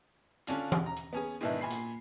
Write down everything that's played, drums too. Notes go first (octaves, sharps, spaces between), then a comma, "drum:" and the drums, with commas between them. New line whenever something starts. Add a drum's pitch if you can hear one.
D3 C#4 D4 F4, drum: hi-hat
drum: tom E3
A#5
drum: hi-hat
B3 C#4 G#4
G#2 B2 D#3 E3 D4 E4
A#2 G#5 B5 C7
drum: hi-hat